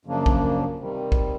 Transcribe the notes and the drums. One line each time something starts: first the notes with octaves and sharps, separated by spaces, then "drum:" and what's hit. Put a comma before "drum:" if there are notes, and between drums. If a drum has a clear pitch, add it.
F#2 C#3 F3 A#3 D4
drum: kick
C3 D#3 G3
drum: kick